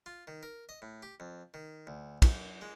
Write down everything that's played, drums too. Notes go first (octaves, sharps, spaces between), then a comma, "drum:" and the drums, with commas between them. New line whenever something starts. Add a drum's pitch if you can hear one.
F4
D#3
A#4
D#5
A2
G4
F2
D#3
D2
F#2, drum: kick, cymbal
G#3